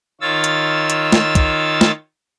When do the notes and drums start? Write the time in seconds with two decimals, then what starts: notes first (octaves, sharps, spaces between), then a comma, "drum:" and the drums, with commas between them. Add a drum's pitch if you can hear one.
0.21 D#3 F4 C#5 E6 A6
0.44 drum: hi-hat
0.90 drum: hi-hat
1.12 drum: snare
1.35 drum: kick, hi-hat
1.81 drum: snare